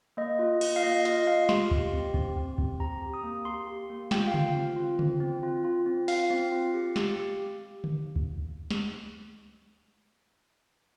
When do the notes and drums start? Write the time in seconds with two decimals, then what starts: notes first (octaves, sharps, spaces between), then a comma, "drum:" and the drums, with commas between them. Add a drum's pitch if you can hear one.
0.17 A#3 D#5
0.39 F4
0.61 F4, drum: cymbal
0.76 F5
0.83 A#3 D#5
1.05 F4 D#5, drum: hi-hat
1.27 F4 F5
1.49 G4 C6, drum: snare
1.71 G4, drum: kick C#2
1.93 C4
2.14 C4, drum: kick C#2
2.37 C4
2.58 C4, drum: kick C#2
2.80 G4 A#5
3.02 G4
3.14 D#6
3.23 A#3
3.45 G4 C6
3.68 G4
3.89 A#3
4.11 F4 G5, drum: snare
4.28 F5
4.34 F4, drum: tom C#3
4.55 C4
4.76 F4
4.99 C4, drum: tom C#3
5.21 C4
5.43 F4
5.64 F4
5.86 C4
6.08 F4 F5, drum: open hi-hat
6.30 C4
6.52 F4
6.74 G4
6.96 G4, drum: snare
7.84 drum: tom D3
8.16 drum: kick C#2
8.71 drum: snare